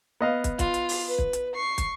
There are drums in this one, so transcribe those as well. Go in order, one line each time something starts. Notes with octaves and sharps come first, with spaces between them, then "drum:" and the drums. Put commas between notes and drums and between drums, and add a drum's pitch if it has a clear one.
B3 D#5 F5
drum: kick, hi-hat
F4, drum: kick, hi-hat
drum: hi-hat
drum: open hi-hat
B4
drum: kick
drum: hi-hat
C#6 C7
drum: kick, hi-hat